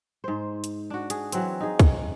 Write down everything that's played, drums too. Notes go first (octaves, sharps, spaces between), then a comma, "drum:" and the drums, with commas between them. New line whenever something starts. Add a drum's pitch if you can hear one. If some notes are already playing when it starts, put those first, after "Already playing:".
G#2 C5
drum: hi-hat
D4 F#4
G#4, drum: hi-hat
E3 F#3 C4, drum: hi-hat
D#4 G#4
drum: kick, hi-hat